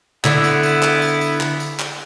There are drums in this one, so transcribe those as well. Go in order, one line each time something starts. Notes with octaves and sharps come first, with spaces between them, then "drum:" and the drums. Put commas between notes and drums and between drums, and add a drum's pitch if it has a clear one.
D3 B3 E4, drum: clap
drum: tambourine
drum: tambourine
drum: clap
drum: tambourine
drum: tambourine
drum: clap
drum: tambourine
drum: clap